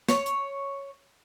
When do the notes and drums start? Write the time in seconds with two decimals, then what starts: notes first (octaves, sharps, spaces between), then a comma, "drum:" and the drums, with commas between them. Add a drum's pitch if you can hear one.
0.09 C#5, drum: snare
0.26 drum: hi-hat